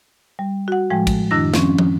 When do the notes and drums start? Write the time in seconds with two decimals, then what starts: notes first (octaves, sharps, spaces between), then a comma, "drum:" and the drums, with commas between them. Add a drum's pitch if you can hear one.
0.39 G3
0.68 F#4 F#5
0.90 A2 F3 G#3 G5
1.07 drum: kick, cymbal
1.31 F#2 D#3 D4 E4 E6 A#6
1.54 F3 C4 C#4, drum: snare
1.78 drum: tom